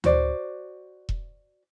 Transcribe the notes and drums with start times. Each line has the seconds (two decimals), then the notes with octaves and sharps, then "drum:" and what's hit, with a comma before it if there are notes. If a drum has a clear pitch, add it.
0.04 F#4 C5 D5, drum: tom D2
1.09 drum: kick E1